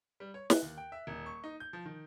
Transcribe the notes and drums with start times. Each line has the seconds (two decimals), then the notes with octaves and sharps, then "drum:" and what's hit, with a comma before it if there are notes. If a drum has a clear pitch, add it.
0.20 G3
0.34 C#5
0.50 F#6, drum: snare
0.62 D#2
0.77 G5
0.92 E5
1.07 D#1
1.26 C#6
1.44 D#4
1.60 G6
1.73 F3
1.85 D#3